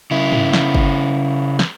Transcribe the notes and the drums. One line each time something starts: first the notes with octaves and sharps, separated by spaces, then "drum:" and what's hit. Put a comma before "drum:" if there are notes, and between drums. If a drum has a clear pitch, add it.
C#3 E4
drum: tom
drum: snare
drum: kick G1
drum: snare